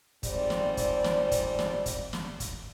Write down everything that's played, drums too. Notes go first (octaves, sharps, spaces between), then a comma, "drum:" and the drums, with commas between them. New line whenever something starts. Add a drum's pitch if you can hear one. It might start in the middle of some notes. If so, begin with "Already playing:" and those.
F2 G#2 G3 C4 D5, drum: kick, hi-hat
drum: snare
drum: kick, hi-hat
drum: snare
drum: kick, hi-hat
drum: snare
drum: kick, hi-hat
drum: snare
drum: kick, hi-hat